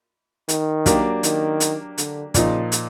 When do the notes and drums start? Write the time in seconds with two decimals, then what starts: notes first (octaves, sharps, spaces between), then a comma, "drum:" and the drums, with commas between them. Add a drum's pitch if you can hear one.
0.49 D#3, drum: hi-hat
0.86 F#3 A#3 D4 G4 A#4, drum: kick, hi-hat
1.23 D#3, drum: hi-hat
1.60 drum: hi-hat
1.98 D3, drum: hi-hat
2.34 A#2 C#3 F3 A#3 D#4, drum: kick, hi-hat
2.72 drum: hi-hat